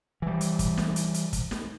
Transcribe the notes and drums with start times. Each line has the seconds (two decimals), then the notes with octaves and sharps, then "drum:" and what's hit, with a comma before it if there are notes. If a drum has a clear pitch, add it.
0.22 E3 G3
0.41 drum: hi-hat
0.59 drum: kick, hi-hat
0.77 drum: snare
0.96 drum: hi-hat
1.14 drum: hi-hat
1.33 drum: kick, hi-hat
1.51 drum: snare